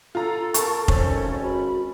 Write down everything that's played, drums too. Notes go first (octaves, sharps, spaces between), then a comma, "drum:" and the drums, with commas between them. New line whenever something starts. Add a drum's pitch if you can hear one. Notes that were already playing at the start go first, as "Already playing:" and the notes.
F4 A4 A#5
A#4 A5 C#6, drum: hi-hat
G#1 C#4 A4 C5, drum: kick F1
F#4 B5